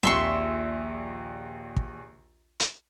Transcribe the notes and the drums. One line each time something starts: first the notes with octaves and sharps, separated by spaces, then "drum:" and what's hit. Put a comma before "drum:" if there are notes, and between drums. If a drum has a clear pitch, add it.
A#1 D#2 E5 C6 C#6, drum: snare C4
drum: kick
drum: hi-hat